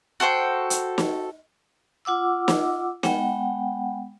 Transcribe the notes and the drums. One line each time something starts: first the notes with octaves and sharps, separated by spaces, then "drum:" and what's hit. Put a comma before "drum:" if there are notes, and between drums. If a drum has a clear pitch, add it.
F#4 A4 C5 G5
drum: hi-hat
drum: snare
F4 F#5 D6 E6
drum: snare
G#3 B3 F#5 G5, drum: snare